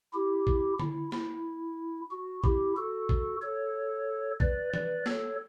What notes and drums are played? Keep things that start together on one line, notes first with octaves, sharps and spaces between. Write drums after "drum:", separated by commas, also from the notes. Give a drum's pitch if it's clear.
E4 G4
drum: kick
E4, drum: tom D3
E4, drum: snare
F#4
E4 G4, drum: kick
F#4 A4
drum: kick
A4 C#5
B4 D5, drum: kick
B4 D5, drum: tom E3
A4 C#5, drum: snare